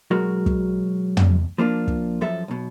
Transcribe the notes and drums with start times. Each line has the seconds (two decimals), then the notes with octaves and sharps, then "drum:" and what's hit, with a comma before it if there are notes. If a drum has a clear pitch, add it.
0.11 B2 F#3 G#3 F#4 A#4
0.46 drum: kick
1.17 drum: tom
1.58 F3 A#3 D4 F4
1.87 drum: kick
2.21 F#2 F3 A4 E5
2.48 B1 B2